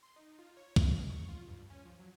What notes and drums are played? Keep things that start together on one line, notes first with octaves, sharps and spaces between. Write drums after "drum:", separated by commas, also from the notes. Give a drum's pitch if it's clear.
C6
D#4
F4
C#5
A#3, drum: kick
G#3
C#6
F4
G2
C#4
F3
F#3